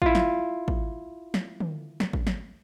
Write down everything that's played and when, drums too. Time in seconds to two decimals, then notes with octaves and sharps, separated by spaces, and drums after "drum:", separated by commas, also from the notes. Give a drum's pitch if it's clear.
0.02 E4 F4, drum: kick
0.15 drum: snare
0.68 drum: kick
1.34 drum: snare
1.60 drum: tom
2.00 drum: snare
2.13 drum: kick
2.27 drum: snare